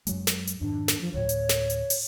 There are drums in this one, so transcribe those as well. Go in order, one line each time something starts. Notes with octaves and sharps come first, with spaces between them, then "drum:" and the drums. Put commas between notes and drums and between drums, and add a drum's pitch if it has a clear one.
F#2 F#3 G#3, drum: hi-hat
drum: snare
drum: hi-hat
F2 G#2 D#3 D4
drum: snare
F3
D2 A2 C#5
drum: hi-hat
drum: snare
drum: hi-hat
drum: open hi-hat